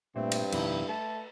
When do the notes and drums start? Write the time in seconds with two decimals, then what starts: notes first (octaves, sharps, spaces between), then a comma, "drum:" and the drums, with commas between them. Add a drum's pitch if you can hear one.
0.16 G2 A#2 A3 C4
0.32 drum: cymbal
0.52 F2 B2 D#3 E4, drum: cymbal
0.89 A3 A4 B4 A5